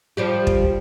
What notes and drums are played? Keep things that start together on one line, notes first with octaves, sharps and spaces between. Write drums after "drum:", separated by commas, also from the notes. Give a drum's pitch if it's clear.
F3 G3 G4
drum: kick